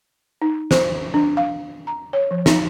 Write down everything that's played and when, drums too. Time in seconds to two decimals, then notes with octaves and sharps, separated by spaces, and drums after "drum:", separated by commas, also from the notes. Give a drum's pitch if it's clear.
0.42 D#4
0.71 C5, drum: snare
1.14 D4
1.37 F5
1.87 A#5
2.13 C#5
2.31 F3
2.46 D#4, drum: snare